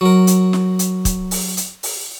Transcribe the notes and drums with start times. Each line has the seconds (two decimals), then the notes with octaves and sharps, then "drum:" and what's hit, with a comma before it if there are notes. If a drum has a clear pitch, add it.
0.01 F#3 A#4
0.27 drum: hi-hat
0.53 drum: snare
0.79 drum: hi-hat
1.05 drum: kick, hi-hat
1.31 drum: open hi-hat
1.57 drum: hi-hat
1.83 drum: open hi-hat